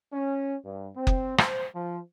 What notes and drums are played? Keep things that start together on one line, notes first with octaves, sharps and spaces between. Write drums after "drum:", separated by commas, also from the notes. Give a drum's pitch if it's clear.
C#4
G2
C4
drum: kick F#1
C5, drum: rim click
F3